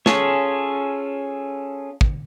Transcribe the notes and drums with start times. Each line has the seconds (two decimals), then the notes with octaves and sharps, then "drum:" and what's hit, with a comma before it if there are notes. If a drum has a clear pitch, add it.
0.06 C#4 F4 G#4 A4 C#5, drum: snare
2.01 drum: kick